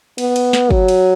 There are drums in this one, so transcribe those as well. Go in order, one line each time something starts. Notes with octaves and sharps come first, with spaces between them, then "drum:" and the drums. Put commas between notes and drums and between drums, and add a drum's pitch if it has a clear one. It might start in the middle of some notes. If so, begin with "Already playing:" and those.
B3, drum: cymbal
drum: cymbal
drum: snare
F#3, drum: kick
drum: cymbal